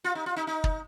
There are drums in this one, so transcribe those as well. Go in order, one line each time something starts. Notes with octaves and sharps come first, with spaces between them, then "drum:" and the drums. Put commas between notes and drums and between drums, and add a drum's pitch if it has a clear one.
F4
D#4
F4
D#4
D#4
drum: kick